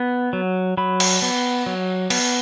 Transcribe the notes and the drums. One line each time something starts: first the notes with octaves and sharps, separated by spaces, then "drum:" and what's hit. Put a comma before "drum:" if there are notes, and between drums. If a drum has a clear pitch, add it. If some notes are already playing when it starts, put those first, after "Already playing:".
Already playing: B3
F#3
F#3 B5
drum: cymbal
B3
F#3
B3, drum: cymbal